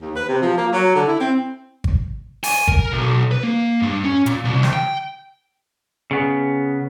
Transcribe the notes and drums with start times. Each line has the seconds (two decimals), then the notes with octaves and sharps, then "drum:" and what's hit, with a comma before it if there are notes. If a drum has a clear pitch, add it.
0.01 D#2
0.15 B4
0.28 C3
0.42 F3
0.57 A#3
0.71 F#3
0.95 D3
1.07 E4
1.19 C4
1.84 drum: kick G#1
2.44 G#5, drum: open hi-hat
2.68 A#4, drum: kick G#1
2.93 B1
3.31 B4
3.43 A#3
3.82 G2
4.04 C#4
4.26 A#2, drum: hi-hat
4.45 C2
4.63 drum: snare
4.73 G5
6.11 C#3 B3